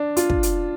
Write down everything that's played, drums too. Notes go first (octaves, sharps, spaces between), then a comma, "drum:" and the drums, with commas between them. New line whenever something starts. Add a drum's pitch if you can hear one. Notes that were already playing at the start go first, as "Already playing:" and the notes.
Already playing: D4
F4, drum: hi-hat
drum: kick
drum: hi-hat